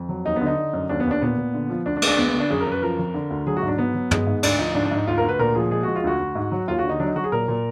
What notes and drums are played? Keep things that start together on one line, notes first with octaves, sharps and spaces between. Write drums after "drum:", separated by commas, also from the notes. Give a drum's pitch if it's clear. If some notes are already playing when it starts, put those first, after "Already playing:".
Already playing: F2
F#3
D#2 D#4
B3
D3
D#4
D3
F#2
D#2 D4
B3
D#2
D4
A#2 B3
A#2
D3
F3
D2 D4
D4
G#3, drum: cymbal
D4
D2 B3
B3
D3
D4
F#2 G#4
A#4
F#2
B4
F3 A#4
F2
D3
D2
F#3 G#4
F#4
G#2
D4
F#3 B3
F#3
G#3, drum: tom
G#2
D2 D4, drum: cymbal
F3 D#4
G#2 D4
D4
G#2 D#4
D2 F4
A#4
D2
B4
A#2 A#4
F3 G#4
G#3 G#4
G#3 F#4
F4
D2 F#4
D2
G#2
F#3
D#2 F4
F#4
D3
D#4
F#3 D4
D#4
F#3 F#4
G#4
A#2 A#4
A#2